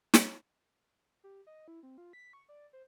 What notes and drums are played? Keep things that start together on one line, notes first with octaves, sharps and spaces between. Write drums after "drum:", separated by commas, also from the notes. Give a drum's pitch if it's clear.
drum: snare
G4
D#5
E4
C4
F4
B6
C#6
D5
C5